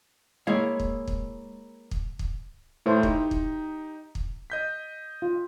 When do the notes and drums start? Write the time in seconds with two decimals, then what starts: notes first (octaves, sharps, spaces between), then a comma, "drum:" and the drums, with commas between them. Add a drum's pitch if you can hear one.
0.47 G#3 A#3 E4 C#5 F5
0.80 drum: kick
1.08 drum: kick
1.91 drum: kick
2.19 drum: kick
2.86 A2 A3 E4 C5
3.03 D#4 G4, drum: kick
3.31 drum: kick
4.15 drum: kick
4.50 D#5 G6 B6
5.22 F4